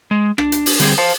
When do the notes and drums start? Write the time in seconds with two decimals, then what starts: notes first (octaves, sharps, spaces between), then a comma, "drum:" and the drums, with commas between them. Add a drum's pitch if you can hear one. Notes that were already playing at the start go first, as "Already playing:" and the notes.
0.11 G#3
0.38 D4, drum: rim click
0.52 drum: hi-hat
0.66 drum: open hi-hat
0.80 D3 G3 C4 G#4, drum: hi-hat
0.98 C5 F5 A5